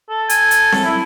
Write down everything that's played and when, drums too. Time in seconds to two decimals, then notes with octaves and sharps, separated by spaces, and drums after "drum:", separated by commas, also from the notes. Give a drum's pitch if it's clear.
0.10 A4
0.29 G#5, drum: hi-hat
0.51 drum: hi-hat
0.72 drum: snare C4
0.84 E4